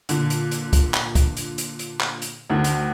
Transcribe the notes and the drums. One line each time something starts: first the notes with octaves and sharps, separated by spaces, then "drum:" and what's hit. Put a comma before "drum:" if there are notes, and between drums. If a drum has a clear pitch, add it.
A#2 D3, drum: hi-hat
drum: hi-hat
drum: hi-hat
drum: kick, hi-hat
drum: clap
drum: kick, hi-hat
drum: hi-hat
drum: hi-hat
drum: hi-hat
drum: clap
drum: hi-hat
D2 D3 D#3
drum: hi-hat